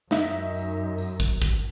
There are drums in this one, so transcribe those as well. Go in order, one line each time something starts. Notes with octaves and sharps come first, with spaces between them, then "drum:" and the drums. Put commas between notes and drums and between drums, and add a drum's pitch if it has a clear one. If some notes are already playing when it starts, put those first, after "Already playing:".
F#2 D#4 E5, drum: snare
drum: tambourine
drum: tambourine
drum: kick
drum: kick, tambourine